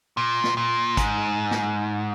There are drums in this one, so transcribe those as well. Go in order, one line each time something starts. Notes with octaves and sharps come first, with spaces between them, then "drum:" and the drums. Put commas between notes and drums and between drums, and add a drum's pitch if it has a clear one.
A#2
drum: snare
A#2
G#2, drum: kick G#1, hi-hat
drum: snare